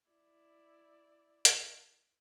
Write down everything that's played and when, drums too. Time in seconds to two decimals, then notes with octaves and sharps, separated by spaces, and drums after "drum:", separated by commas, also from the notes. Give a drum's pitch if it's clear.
0.11 E4 D5
1.45 drum: hi-hat